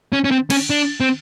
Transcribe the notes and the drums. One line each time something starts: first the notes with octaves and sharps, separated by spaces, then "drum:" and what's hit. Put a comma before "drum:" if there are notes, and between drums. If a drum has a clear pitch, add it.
C#4
C#4
C4
C#4, drum: cymbal
D4
C4